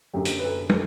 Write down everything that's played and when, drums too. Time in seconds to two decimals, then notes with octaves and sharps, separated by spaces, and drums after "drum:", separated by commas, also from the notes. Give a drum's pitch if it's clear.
0.13 F#2 D3 F#3 G4
0.25 drum: hi-hat
0.39 B4
0.45 A4
0.69 A4, drum: tom